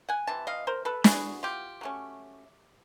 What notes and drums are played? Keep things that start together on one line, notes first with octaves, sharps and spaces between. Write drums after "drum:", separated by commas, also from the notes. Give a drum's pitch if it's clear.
F#5 G#5
C3 E3 A5
D#5 F5
A#4 C5
A4 B4
F#3 B3 E4 F#4 G#4, drum: snare
F4 G4
F#3 A3 C#4